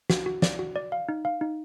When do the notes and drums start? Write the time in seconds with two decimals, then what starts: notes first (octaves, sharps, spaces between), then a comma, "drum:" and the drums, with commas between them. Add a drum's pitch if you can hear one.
0.10 F#4, drum: snare
0.26 F#4
0.42 D5, drum: snare
0.59 F#4
0.76 D5
0.92 F5
1.09 D#4
1.25 F5
1.41 D#4